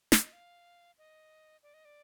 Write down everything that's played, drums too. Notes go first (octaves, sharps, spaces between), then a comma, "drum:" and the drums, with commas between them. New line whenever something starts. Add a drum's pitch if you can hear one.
D5, drum: snare
D#5
F5
D#5
D5
D#5
D5